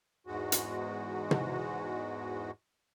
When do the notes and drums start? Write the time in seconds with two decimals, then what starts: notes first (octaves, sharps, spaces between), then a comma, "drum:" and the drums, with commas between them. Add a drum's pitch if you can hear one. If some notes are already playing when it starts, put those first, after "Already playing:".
0.27 E2 G#2 G#3 F#4
0.52 drum: hi-hat
1.31 drum: tom